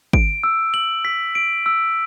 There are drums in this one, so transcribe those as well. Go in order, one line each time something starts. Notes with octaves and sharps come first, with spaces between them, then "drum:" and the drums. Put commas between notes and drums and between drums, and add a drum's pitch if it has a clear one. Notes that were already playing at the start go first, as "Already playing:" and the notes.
D7, drum: kick
E6
F#7
B6
D7
E6